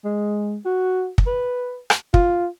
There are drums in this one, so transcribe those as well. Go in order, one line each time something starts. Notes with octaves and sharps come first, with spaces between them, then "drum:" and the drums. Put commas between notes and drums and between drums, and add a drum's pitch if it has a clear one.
G#3
F#4
drum: kick
B4
drum: rim click
F4, drum: kick